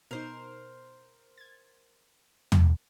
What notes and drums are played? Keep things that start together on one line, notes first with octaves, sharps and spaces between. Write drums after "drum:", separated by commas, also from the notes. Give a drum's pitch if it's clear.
B2 D#4 A#4 C5
G#6 A6
drum: tom